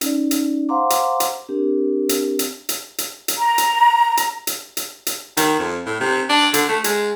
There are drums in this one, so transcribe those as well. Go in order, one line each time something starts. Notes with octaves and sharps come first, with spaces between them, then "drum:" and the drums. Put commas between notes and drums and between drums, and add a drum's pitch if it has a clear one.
C#4 D#4 D5, drum: hi-hat
drum: hi-hat
C5 F5 F#5 A#5 C6 D6
drum: hi-hat
drum: hi-hat
C4 D4 G4 A#4
drum: hi-hat
drum: hi-hat
drum: hi-hat
drum: hi-hat
drum: hi-hat
A#5
drum: hi-hat
drum: hi-hat
drum: hi-hat
drum: hi-hat
drum: hi-hat
D#3, drum: hi-hat
F2
A2
C3
D4
D3, drum: hi-hat
A3
G#3, drum: hi-hat